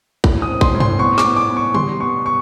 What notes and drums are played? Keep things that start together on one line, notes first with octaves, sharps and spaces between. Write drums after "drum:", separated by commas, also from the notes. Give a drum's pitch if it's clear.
A2, drum: kick
D#6
C4
C6, drum: kick
A2
C6, drum: tom
B3 C#6
D6, drum: snare
B3
D6
B3
C#6
G3 C6, drum: tom
B3 C#6
C#6